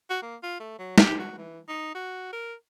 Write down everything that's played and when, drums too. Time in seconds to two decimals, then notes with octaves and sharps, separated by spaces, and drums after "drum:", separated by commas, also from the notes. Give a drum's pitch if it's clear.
0.10 F#4
0.23 A#3
0.43 F4
0.60 A3
0.79 F#3
0.98 G4, drum: snare
1.19 F#4
1.38 E3
1.68 D#4
1.95 F#4
2.33 A#4